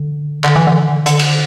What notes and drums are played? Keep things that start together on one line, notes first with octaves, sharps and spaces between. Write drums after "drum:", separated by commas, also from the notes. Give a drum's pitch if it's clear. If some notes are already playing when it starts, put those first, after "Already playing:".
Already playing: D3
D3, drum: clap
E3
D3
D3, drum: hi-hat
drum: cymbal